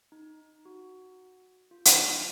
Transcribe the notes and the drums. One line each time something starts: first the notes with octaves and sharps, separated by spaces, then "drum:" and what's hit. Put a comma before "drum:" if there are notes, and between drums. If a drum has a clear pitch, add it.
D#4
F#4
F4
drum: hi-hat
D#4